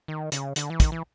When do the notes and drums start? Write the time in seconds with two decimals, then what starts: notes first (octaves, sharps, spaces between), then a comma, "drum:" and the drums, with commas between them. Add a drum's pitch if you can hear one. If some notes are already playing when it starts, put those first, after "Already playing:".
0.08 D#3
0.32 C#3, drum: hi-hat
0.56 D3, drum: hi-hat
0.70 E3
0.80 D#3, drum: kick, hi-hat
0.92 E3